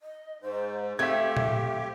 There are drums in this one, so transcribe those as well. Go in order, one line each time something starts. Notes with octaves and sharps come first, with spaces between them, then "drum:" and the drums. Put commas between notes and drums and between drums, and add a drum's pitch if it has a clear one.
D#5
G#2 C5
A3 C4 G4 E5 F5 G#6
drum: tom A#2